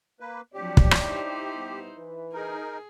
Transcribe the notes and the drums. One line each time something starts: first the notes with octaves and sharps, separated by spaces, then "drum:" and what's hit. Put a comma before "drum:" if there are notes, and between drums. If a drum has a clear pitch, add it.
A#3 B4
F3 F#3 C4 D4 G4 C#5 D5
drum: kick
drum: rim click
D#4 E4 C5
G3 B3
E3 B4
D#4 G#4 A#4